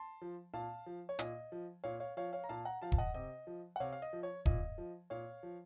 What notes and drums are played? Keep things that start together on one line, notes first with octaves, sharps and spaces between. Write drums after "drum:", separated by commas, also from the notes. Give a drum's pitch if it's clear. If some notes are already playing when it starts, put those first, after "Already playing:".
Already playing: A5 C6
F3
A#2 F5 A5
F3
C#5
A#2 D#5, drum: hi-hat
F3
A#2 C#5 F5
C#5 F5
F3 C#5 F5
C#5 F5
A#5
A#2 F5 A5
F#5 A#5
F3 F5 A5
A5, drum: kick
D#5 F#5
C3 D#5
F3
F#5
C3 C#5 F5
F5
D#5
F3
C#5
A#2 D#5, drum: kick
F3
A#2 C#5 F5
F3